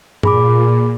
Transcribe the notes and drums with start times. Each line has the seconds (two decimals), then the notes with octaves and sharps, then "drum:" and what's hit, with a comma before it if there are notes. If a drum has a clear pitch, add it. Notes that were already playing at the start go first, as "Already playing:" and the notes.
0.23 A#2 G#4 B5 D6, drum: tom G2